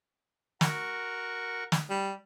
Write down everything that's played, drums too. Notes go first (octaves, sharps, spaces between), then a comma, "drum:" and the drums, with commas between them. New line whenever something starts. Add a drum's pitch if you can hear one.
F#4 A#4 C#6, drum: snare
drum: snare
G3